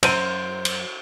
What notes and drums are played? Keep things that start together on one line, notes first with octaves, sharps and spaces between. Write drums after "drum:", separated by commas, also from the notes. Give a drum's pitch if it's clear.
F#2 C5 D7 D#7, drum: cymbal
drum: cymbal